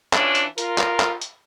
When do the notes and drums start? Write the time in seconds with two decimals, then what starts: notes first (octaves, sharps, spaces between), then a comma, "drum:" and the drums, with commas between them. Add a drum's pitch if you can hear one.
0.13 E3 C#4 D4 F4, drum: clap
0.35 drum: hi-hat
0.58 F4 A#4, drum: hi-hat
0.78 drum: clap
1.00 drum: clap
1.22 drum: hi-hat